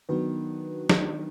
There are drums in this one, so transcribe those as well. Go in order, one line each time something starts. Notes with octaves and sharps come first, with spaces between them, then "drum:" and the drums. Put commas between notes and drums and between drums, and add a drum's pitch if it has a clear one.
D#3 F#3 B3 D4 F#4 B4
D#3, drum: snare